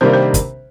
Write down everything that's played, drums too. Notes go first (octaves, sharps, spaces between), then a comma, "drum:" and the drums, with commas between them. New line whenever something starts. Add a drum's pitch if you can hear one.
C3 D#3 G3 A#3 D4 C5
C5
drum: kick, hi-hat